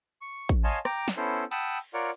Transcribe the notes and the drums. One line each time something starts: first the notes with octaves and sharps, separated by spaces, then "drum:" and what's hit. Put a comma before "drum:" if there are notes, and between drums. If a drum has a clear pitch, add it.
C#6
drum: kick A1
C#5 D#5 F5 G#5 A5 C6
G5 A#5 D6, drum: rim click
drum: snare
B3 C#4 E4 A4 C5
F#5 G5 A5 B5 D#6 E6, drum: cymbal
F4 A#4 C#5 D5 F#5